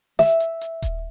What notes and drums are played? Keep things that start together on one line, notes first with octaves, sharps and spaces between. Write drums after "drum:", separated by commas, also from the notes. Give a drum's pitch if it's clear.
E5, drum: snare
drum: hi-hat
drum: hi-hat
drum: kick D#1, hi-hat